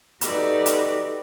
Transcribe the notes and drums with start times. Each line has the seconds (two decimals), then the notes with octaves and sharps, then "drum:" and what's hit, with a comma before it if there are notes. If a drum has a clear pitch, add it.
0.21 D#4 F#4 G4 A4 B4 D5, drum: hi-hat
0.66 drum: hi-hat